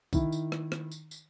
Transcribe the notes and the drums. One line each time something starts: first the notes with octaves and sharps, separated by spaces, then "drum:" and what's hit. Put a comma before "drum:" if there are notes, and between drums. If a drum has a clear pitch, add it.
D#3 E4, drum: kick, tambourine
drum: tambourine
drum: rim click
drum: rim click
drum: tambourine
drum: tambourine